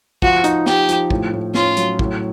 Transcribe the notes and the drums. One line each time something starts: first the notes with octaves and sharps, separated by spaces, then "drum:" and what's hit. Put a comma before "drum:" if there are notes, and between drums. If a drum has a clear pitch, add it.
F3 F#4, drum: kick
D#4, drum: hi-hat
D#4 G4, drum: snare
F3, drum: hi-hat
A2, drum: kick
A2
C#4 F4, drum: snare
F#3, drum: hi-hat
A2, drum: kick